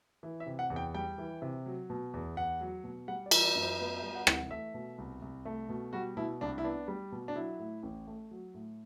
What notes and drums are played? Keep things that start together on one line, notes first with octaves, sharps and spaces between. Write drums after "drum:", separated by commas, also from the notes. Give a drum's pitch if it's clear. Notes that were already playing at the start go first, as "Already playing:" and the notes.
E3
E5
C3
F#5
E2
G5
G3 G5
E3
C3
F#3
B2
E2
E2 F#5
F#3
B2
G3 F#5
D5
E3, drum: cymbal
D5
F#2
C5
B3 B4
E5
G3
F#5
E3, drum: rim click
F#5
A3 E5
B2
C2
C2
A3
B2
G3 F#4
B2 E4
C2 D4
E4
B3 D4
G3
B2
D4
F#3 E4
A2
A1
A3
F#3
A2